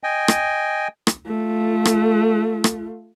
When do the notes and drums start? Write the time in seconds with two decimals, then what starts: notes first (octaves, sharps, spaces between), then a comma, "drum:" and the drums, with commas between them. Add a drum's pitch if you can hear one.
0.03 D#5 G5 G#5
0.28 drum: rim click
1.07 drum: rim click
1.26 A3 F4
1.85 drum: rim click
2.64 drum: rim click